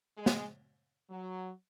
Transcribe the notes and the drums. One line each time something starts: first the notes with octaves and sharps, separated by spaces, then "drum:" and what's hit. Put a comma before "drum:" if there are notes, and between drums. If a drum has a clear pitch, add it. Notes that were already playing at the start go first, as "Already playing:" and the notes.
G#3
drum: snare
F#3